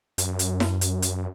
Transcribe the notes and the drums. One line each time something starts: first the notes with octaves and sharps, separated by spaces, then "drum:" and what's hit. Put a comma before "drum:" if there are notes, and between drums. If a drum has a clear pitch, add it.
F#2, drum: hi-hat
drum: hi-hat
drum: snare E4
drum: hi-hat
drum: hi-hat